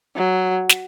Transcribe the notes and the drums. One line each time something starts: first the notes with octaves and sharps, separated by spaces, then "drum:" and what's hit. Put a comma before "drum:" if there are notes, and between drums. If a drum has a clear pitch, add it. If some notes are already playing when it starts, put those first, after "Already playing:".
F#3
drum: snare